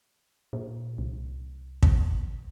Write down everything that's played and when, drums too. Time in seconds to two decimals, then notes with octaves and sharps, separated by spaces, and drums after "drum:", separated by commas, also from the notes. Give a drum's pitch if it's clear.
0.53 A#2
0.98 C2
1.83 drum: kick